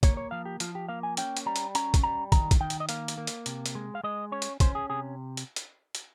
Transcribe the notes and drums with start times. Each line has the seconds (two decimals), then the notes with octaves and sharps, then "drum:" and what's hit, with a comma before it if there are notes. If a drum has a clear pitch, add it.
0.03 A#3 C#5, drum: kick, hi-hat
0.17 C#5
0.31 F3 F5
0.45 G4
0.60 F3 F4, drum: hi-hat
0.75 G4
0.89 A#3 F5
1.03 G#5
1.17 C#4 G5, drum: hi-hat
1.37 drum: hi-hat
1.46 G3 A#5
1.56 drum: hi-hat
1.75 C#4 A#5, drum: hi-hat
1.94 drum: kick, hi-hat
2.03 G3 A#5
2.32 D#3 A#5, drum: kick, hi-hat
2.51 drum: kick, hi-hat
2.60 D#3 G5
2.70 drum: hi-hat
2.80 D#5
2.89 A#3 F5, drum: hi-hat
3.08 drum: hi-hat
3.18 A#3
3.27 drum: hi-hat
3.46 C3, drum: hi-hat
3.66 drum: hi-hat
3.75 G#3
3.95 F5
4.04 G#3 D#5
4.32 C#4 C#5
4.42 drum: hi-hat
4.60 C#4 C5, drum: kick, hi-hat
4.75 G#4
4.90 C3 G#4
5.37 drum: hi-hat
5.56 drum: hi-hat
5.95 drum: hi-hat